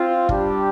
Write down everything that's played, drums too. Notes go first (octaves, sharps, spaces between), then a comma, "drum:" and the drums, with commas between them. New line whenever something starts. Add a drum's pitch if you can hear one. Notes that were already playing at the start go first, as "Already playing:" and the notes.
Already playing: C4 F4
G3 D4 G4, drum: kick